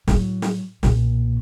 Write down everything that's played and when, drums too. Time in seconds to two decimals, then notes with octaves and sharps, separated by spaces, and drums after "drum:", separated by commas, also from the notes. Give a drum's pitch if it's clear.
0.08 A2 F#3, drum: snare
0.42 drum: snare
0.83 B1 A#2, drum: snare